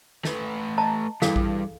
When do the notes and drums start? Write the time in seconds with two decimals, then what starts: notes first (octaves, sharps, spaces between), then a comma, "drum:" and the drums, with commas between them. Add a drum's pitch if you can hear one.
0.25 A3 B4, drum: snare
0.78 D#5 A5 A#5
1.22 G2 E3 G#4 A4 F5, drum: snare
1.36 drum: kick A#1